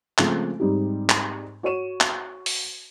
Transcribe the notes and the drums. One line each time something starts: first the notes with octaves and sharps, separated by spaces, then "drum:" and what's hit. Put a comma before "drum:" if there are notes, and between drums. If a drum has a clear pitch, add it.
C#3 F3 G#3 A3 C4 C#4, drum: clap
G#2 G3 C4 D#4 G4
drum: clap
F#4 C#5 C#6 D#7 E7
drum: clap
drum: open hi-hat